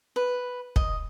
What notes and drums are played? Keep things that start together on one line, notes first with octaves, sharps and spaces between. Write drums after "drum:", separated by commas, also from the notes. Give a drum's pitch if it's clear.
B4
D#5, drum: kick